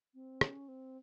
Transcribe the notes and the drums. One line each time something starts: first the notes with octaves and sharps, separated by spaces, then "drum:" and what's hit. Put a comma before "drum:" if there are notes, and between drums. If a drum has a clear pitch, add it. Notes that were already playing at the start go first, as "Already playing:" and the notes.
C4
C#4, drum: rim click
C4